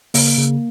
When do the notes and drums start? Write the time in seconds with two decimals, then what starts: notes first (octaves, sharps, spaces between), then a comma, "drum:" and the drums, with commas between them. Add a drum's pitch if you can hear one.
0.14 C#3 A#3, drum: open hi-hat
0.37 C#3